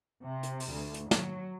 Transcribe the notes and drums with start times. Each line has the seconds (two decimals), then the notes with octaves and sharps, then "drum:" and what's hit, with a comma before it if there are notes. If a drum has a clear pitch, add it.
0.24 C3
0.43 drum: hi-hat
0.60 drum: open hi-hat
0.71 D2
0.94 drum: hi-hat
1.11 F#3, drum: snare